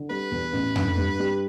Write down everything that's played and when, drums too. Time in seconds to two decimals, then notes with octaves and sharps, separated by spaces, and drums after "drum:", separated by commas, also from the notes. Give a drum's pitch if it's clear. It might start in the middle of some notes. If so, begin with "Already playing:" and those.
Already playing: D3
0.10 G3 B4
0.31 E2
0.53 A1
0.76 D3, drum: tom F2
0.97 G2
1.19 G3